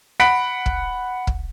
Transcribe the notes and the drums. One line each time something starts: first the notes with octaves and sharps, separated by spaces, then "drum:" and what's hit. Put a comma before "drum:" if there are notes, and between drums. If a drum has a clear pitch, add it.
F#5 B5 B6 D7
drum: kick
drum: kick